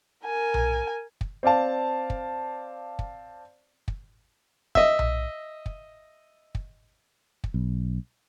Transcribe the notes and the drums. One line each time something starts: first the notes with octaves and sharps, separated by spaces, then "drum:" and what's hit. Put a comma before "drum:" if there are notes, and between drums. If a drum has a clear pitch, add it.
A#4 G#5
drum: tom B1
drum: kick
C4 D5 F5 A5
drum: kick
drum: kick
drum: kick
D#5 E5, drum: kick
drum: tom B1
drum: kick
drum: kick
drum: kick
B1